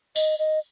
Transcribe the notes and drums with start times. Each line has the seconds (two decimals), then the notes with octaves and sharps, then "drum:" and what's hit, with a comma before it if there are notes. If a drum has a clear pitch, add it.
0.16 D#5, drum: tambourine
0.39 D#5